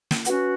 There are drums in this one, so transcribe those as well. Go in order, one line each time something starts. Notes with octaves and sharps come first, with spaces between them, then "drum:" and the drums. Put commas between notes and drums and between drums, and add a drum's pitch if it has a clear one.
drum: snare
C#4 F#4 B4 F#5, drum: hi-hat